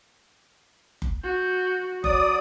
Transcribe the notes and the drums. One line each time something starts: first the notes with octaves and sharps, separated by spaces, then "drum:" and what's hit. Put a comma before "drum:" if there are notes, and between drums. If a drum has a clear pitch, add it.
drum: kick F#1
F#4 G6
F#3 D5 D6 D#6, drum: kick F#1